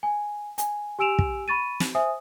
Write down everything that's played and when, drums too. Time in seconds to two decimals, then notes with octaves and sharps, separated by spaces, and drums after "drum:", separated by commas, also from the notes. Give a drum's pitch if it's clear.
0.03 G#5
0.58 G#5, drum: hi-hat
0.99 G4 G#5 E6 D7 E7 F7
1.19 drum: kick
1.48 B5 C#6 A6 D#7
1.80 drum: snare
1.95 C5 E5 G#5 D#6